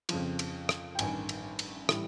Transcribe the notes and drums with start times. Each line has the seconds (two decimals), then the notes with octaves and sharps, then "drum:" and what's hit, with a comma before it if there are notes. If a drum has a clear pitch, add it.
0.09 F2 C#3 F3, drum: cymbal
0.39 drum: cymbal
0.69 drum: rim click
0.95 G5
0.99 A1 G2 D#3 G#5, drum: cymbal
1.29 drum: cymbal
1.59 drum: cymbal
1.89 A2 E3 G3, drum: rim click